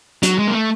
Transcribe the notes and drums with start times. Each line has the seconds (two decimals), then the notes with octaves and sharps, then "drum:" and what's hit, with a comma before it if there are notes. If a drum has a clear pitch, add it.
0.23 F#3, drum: hi-hat
0.38 G#3
0.47 A#3
0.54 A3